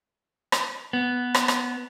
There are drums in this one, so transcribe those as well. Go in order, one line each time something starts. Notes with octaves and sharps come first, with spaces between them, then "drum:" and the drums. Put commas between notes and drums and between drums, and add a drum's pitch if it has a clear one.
drum: rim click
B3
drum: rim click
drum: rim click